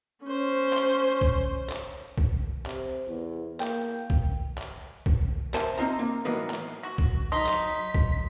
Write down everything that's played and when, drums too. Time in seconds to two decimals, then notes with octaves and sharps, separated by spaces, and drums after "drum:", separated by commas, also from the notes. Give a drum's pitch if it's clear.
0.25 C#4 C5
0.73 drum: clap
1.21 drum: kick
1.69 drum: clap
2.18 drum: kick
2.66 C3, drum: clap
3.07 E2
3.60 A#3 G5, drum: clap
4.10 drum: kick
4.58 drum: clap
5.06 drum: kick
5.54 A#4 C5 E5 G#5 A5, drum: clap
5.78 C4 C#4 D#4 F4 D#5 A#5
5.99 A#3
6.25 A2 E3 F#3 A#3 B3 D#4
6.50 drum: clap
6.83 F#4
6.98 drum: kick
7.32 F#3 D#4 C6 B6
7.46 drum: clap
7.95 drum: kick